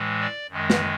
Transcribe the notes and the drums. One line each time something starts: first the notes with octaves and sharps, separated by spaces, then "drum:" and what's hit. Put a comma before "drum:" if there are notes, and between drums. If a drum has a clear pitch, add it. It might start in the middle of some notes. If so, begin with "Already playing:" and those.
Already playing: A2 E3 G#3
D5
F#2 D#3 G#3
drum: snare